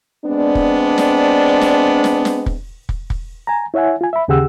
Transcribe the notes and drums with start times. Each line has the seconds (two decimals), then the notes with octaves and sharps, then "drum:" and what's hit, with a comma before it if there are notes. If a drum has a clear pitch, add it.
0.25 G#3 B3 C4 D4
0.55 drum: kick
0.98 drum: snare
1.61 drum: snare
2.04 drum: snare
2.25 drum: snare
2.46 drum: kick
2.89 drum: kick
3.10 drum: kick
3.47 G#5 A#5
3.74 E4 C#5 E5 F#5 G#5
4.01 F4 G#5
4.13 E5 B5
4.28 D#2 C#3 G4 G#4 F#5 E6